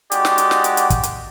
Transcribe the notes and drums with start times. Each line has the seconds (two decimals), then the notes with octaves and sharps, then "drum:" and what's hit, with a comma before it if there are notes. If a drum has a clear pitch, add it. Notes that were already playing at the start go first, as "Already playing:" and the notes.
0.12 G#3 D#4 F#4 G4 D5, drum: hi-hat
0.25 drum: snare
0.38 drum: hi-hat
0.51 drum: snare
0.64 drum: hi-hat
0.77 drum: hi-hat
0.90 drum: kick, hi-hat
1.03 drum: hi-hat